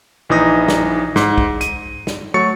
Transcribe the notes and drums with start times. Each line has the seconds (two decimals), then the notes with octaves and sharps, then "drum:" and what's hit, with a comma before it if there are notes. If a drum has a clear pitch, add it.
0.29 A#1 E3 D#4 D#6 A#6
0.68 drum: snare
1.16 G#2, drum: snare
1.38 drum: kick
1.61 D#7, drum: hi-hat
2.07 drum: snare
2.34 F#3 A3 C#5 C#6 A6 C#7